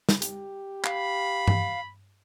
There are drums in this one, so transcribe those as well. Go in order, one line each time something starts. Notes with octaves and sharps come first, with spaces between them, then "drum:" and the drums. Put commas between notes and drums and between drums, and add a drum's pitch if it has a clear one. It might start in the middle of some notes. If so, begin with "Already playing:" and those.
drum: snare
G4, drum: hi-hat
F5 B5, drum: clap
drum: tom G2